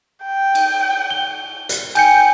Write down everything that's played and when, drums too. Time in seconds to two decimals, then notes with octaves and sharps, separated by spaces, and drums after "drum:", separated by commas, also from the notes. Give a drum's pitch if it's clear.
0.25 G5
0.55 drum: cymbal
1.11 G7
1.69 drum: hi-hat
1.95 G5 G#5 G6 C#7, drum: cymbal